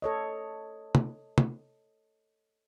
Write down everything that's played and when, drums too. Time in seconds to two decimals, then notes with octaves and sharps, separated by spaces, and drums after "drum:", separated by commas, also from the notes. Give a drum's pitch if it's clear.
0.02 A4 C#5 D#5
0.95 drum: tom
1.38 drum: tom